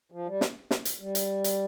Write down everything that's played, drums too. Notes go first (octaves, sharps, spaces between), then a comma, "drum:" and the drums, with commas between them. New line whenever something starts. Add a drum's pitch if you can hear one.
F3
G3
drum: snare
drum: snare
drum: hi-hat
G3
drum: hi-hat
drum: hi-hat